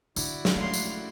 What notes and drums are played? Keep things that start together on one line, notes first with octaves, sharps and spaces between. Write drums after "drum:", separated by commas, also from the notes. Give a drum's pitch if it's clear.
D3 E4 F#4 D5, drum: tambourine
drum: snare
F3 G#3 A3 A4 F5 C6
drum: tambourine